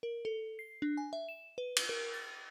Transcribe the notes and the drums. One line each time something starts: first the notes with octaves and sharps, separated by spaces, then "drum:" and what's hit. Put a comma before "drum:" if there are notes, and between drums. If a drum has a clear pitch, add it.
A#4
A4
C7
D4
G#5
E5
E7
B4
drum: cymbal
A#4
A6